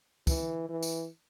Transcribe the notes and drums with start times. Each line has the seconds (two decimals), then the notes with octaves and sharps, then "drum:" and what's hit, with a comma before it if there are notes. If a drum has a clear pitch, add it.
0.27 E3, drum: kick, tambourine
0.69 E3
0.83 drum: tambourine